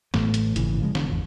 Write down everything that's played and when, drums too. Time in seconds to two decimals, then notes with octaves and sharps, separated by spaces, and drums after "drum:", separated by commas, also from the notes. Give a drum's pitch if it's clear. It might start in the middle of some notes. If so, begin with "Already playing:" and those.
0.14 A1 A2 A3, drum: snare
0.34 drum: hi-hat
0.56 G#1 A#2 C#3 E3, drum: hi-hat
0.80 C#3 F3 G3 G#3
0.95 D3, drum: snare
1.08 G#1 E2